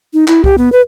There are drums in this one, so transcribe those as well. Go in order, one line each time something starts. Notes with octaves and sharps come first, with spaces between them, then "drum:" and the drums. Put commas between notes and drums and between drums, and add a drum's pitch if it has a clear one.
D#4
E4, drum: clap
G4, drum: kick C2
B3
B4